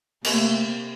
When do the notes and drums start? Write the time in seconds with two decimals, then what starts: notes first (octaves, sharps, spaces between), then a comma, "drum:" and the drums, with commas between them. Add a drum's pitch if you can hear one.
0.25 C3 A3 A#3, drum: cymbal